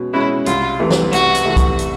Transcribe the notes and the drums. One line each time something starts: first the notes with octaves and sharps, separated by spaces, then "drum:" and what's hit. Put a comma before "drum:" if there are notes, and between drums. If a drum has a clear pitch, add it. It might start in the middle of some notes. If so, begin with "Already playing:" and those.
Already playing: B2 G#3 C#4
G#3 C#4 E4 F#4
C2 F4, drum: hi-hat
C3 E3 A3
drum: snare
C2 F#4, drum: hi-hat
drum: hi-hat
C3 E3 A3
drum: kick, hi-hat
drum: hi-hat